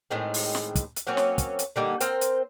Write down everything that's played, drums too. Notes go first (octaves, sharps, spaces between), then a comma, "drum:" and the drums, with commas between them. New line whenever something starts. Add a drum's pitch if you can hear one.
A2 D#3 G#3 C4
drum: open hi-hat
drum: snare
drum: kick, hi-hat
drum: hi-hat
F#3 A#3 C4 C#4
drum: snare
drum: kick, hi-hat
drum: hi-hat
D3 G3 A#3 D#4
C4 A#4 C5 G5, drum: hi-hat
drum: hi-hat